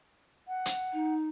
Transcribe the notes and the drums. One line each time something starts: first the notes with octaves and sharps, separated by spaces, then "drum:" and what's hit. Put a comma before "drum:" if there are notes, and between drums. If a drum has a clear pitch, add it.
F#5
drum: hi-hat
D#4